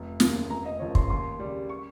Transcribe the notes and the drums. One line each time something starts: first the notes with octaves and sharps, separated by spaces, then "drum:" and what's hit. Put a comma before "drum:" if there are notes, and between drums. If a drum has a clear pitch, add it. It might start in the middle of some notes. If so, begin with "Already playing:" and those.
Already playing: F1
D#2 C#3, drum: snare
F1 A#5
D#5
D#2 C#3 F3 C#5
C6, drum: kick
D#2 C6
C#3 G3
C#6